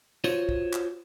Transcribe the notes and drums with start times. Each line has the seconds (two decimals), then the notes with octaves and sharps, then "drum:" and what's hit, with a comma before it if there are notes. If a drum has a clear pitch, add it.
0.24 F4 F#4 C5 C#5, drum: tambourine
0.49 drum: kick
0.73 drum: clap